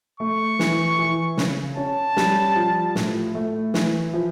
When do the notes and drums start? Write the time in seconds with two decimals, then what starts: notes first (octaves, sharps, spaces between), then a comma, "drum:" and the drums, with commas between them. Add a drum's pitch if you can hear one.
0.20 A3 C#6
0.59 E3, drum: snare
0.99 E3
1.37 C#3, drum: snare
1.77 C#4 A5
2.17 G3, drum: snare
2.56 F3
2.95 A2, drum: snare
3.35 A3
3.74 E3, drum: snare
4.13 F3